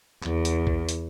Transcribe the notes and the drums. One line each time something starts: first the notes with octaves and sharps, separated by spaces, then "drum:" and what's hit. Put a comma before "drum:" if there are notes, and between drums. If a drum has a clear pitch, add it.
E2, drum: clap
drum: hi-hat
drum: kick A#1
drum: hi-hat